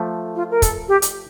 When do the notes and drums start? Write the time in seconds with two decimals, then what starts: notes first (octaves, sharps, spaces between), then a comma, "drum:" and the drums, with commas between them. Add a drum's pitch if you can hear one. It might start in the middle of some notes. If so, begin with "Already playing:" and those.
Already playing: F3 A3
0.35 F4
0.50 A#4
0.62 A4, drum: kick, hi-hat
0.88 G4
1.02 drum: hi-hat